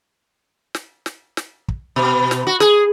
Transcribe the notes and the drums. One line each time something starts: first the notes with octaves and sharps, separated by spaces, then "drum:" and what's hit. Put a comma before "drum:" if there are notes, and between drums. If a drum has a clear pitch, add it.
drum: snare
drum: snare
drum: snare
drum: kick
B2
drum: snare
F#4
G#4, drum: snare